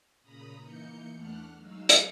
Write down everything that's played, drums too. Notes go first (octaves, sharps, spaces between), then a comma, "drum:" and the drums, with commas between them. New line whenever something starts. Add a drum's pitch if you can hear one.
A#2 C#3 A#5 B5 D#6
E3 A#3 D#4 G6 C#7
E2 A3 D4 F#5 F6 F#6
F#3 G#3 D#4 F5 E6
drum: hi-hat